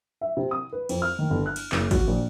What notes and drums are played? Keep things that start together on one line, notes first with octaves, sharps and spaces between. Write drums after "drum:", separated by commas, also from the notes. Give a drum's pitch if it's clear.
E5
C3
D#6
B4
F2, drum: cymbal
F6
D#3
G1
F#6
drum: cymbal
F#1, drum: clap
F#4, drum: kick, cymbal
A#1